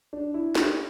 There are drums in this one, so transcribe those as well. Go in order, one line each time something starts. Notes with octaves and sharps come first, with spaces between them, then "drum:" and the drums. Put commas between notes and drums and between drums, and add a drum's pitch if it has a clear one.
D4
E4
G4, drum: snare